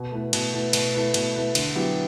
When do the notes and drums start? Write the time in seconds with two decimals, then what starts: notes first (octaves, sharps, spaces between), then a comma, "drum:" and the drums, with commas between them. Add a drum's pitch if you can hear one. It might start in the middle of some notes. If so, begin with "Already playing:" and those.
Already playing: B2
0.12 A3 E4 B4
0.33 B2, drum: cymbal
0.53 A3 E4 B4
0.73 B2, drum: cymbal
0.94 A3 E4 B4
1.14 B2, drum: cymbal
1.35 A3 E4 B4
1.55 D3, drum: cymbal
1.75 F#3 B3 E4 G4